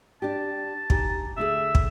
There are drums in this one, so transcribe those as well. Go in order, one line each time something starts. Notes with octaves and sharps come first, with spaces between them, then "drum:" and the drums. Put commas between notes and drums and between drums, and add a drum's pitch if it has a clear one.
D4 G4 A5
D#4 G4 G#5, drum: kick
D3 A3 G#4 E5
drum: kick